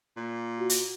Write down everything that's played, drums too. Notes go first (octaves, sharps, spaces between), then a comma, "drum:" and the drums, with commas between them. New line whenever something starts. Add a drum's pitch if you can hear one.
A#2
F#4
drum: hi-hat